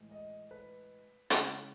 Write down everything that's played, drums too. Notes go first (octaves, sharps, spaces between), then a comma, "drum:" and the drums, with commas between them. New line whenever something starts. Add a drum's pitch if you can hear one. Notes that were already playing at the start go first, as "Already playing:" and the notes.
Already playing: A2 E3 G#3
D#5
B4
C#3 G#3 C#4 E4, drum: hi-hat